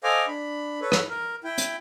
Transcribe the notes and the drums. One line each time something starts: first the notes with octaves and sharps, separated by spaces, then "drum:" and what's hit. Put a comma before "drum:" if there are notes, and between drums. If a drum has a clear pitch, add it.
A4 C5 D#5 F5 G#5 D6
D4 B5
A4 B4 C#5
drum: rim click
A#4
E4 G5
drum: hi-hat